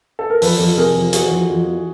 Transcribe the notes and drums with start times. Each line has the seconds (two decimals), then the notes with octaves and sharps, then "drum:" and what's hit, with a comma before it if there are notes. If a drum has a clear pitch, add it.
0.19 A4
0.30 A#4
0.42 F2 A4 B4, drum: open hi-hat
0.59 F2
0.77 C3 G#4 A#4
0.95 F2
1.13 E3 F#4 G#4, drum: hi-hat
1.31 F2
1.50 F2
1.67 E3